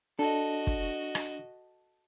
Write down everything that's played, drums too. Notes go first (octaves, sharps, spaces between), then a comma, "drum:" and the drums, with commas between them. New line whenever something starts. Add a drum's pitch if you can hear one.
D4 F#4 A4 D#5
drum: kick
drum: rim click